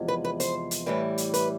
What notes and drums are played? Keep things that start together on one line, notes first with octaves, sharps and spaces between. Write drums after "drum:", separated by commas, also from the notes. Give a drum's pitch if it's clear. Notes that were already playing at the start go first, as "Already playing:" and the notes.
Already playing: E2 C3 F3 G#3
B4
B4
C5, drum: hi-hat
drum: hi-hat
A2 E3 G3 B4
drum: hi-hat
B4, drum: hi-hat